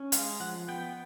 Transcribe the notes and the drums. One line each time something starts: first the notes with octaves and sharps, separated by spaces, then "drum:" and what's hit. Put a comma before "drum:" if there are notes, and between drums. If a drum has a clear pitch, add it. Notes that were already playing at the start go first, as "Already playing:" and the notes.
Already playing: C#4
G#3 F5, drum: hi-hat
F3 F#5
B3 G5